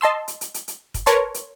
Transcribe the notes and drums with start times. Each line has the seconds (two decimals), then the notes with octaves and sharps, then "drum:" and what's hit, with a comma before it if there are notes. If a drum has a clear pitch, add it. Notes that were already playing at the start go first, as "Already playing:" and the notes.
0.01 D#5 A5 C6 E6
0.28 drum: hi-hat
0.41 drum: hi-hat
0.54 drum: hi-hat
0.68 drum: hi-hat
0.94 drum: kick, hi-hat
1.06 A#4 B4 C#5 A5 C6, drum: hi-hat
1.34 drum: hi-hat